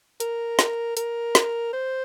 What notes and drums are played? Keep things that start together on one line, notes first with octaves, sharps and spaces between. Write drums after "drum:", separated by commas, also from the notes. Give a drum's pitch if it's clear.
A#4, drum: hi-hat
drum: snare
A#4, drum: hi-hat
drum: snare
C5